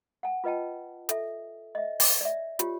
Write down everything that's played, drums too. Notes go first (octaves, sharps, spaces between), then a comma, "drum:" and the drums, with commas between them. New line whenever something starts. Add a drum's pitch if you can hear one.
F#5 G#5
F4 B4 D#5 G5 A5
A4 E5, drum: hi-hat
D#5 E5
drum: open hi-hat
D5 E5
F4 G4 C#5, drum: hi-hat